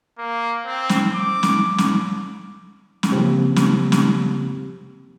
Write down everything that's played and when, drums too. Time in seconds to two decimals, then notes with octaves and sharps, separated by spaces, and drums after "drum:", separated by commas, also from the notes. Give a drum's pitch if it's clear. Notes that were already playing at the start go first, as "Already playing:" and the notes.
0.18 A#3
0.66 C4
0.89 drum: snare
1.14 D6
1.43 drum: snare
1.78 drum: snare
3.03 drum: snare
3.12 C#3 F3 A#3 C4 G4
3.56 drum: snare
3.92 drum: snare